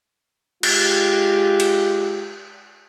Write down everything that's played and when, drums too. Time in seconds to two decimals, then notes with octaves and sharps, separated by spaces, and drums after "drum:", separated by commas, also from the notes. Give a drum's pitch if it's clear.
0.63 G#3 F4 G4, drum: cymbal
1.60 drum: cymbal